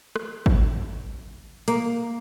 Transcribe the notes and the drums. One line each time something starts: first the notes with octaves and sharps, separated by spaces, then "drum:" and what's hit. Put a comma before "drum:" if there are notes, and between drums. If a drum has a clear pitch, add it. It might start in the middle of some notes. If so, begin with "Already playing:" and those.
drum: rim click
drum: kick G#1
A#3, drum: hi-hat